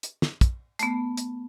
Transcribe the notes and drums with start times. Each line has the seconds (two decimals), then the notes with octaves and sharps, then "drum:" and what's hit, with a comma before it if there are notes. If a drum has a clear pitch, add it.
0.03 drum: hi-hat
0.22 drum: snare
0.41 drum: kick, hi-hat
0.79 A3 B3, drum: hi-hat
1.17 drum: hi-hat